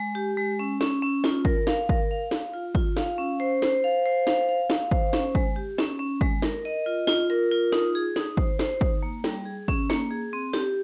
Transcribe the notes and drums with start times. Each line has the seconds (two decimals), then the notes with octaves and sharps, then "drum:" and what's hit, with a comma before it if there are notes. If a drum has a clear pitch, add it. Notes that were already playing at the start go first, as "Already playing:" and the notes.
Already playing: G#3
0.15 G4
0.37 G#3
0.59 C#4
0.81 C#4, drum: snare
1.02 C#4
1.24 F4, drum: snare
1.45 A#4, drum: kick
1.67 F5, drum: snare
1.89 A#4, drum: kick
2.11 F5
2.31 F5, drum: snare
2.53 F4
2.75 F4, drum: kick
2.97 F5, drum: snare
3.18 C#4
3.40 C5
3.62 C5, drum: snare
3.84 F5
4.06 C5
4.27 F5, drum: snare
4.49 F5
4.70 F5, drum: snare
4.91 C5, drum: kick
5.13 C#4, drum: snare
5.35 G#3, drum: kick
5.56 G4
5.78 C#4, drum: snare
5.99 C#4
6.21 G#3, drum: kick
6.42 A#4, drum: snare
6.65 D#5
6.86 F4
7.07 F4, drum: snare
7.30 A#4
7.51 F4
7.72 D#4, drum: snare
7.95 G#4
8.16 D#4, drum: snare
8.37 C5, drum: kick
8.59 C5, drum: snare
8.81 D#4, drum: kick
9.03 A#3
9.24 G3, drum: snare
9.45 G#4
9.68 C#4, drum: kick
9.90 A#3, drum: snare
10.11 G#4
10.33 C4
10.54 G4, drum: snare